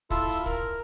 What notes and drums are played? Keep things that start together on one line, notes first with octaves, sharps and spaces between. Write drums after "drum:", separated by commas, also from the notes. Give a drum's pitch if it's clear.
E4 F4 A4 E5, drum: kick, hi-hat
drum: hi-hat
A#4, drum: kick, open hi-hat